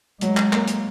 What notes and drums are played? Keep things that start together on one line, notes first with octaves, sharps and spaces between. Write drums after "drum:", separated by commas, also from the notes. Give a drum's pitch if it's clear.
F#3 G#3, drum: hi-hat
drum: clap
A#3, drum: clap
drum: hi-hat